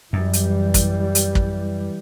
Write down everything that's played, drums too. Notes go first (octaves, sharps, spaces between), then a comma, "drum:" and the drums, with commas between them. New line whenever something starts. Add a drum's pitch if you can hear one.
F#2 E3 G3
drum: hi-hat
drum: kick, hi-hat
drum: hi-hat
drum: kick